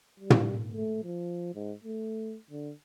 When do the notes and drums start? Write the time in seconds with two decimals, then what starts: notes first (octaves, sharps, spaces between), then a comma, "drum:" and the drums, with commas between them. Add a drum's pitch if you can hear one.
0.20 G3
0.30 drum: tom
0.74 A3
1.03 F3
1.55 G#2
1.84 A3
2.50 D3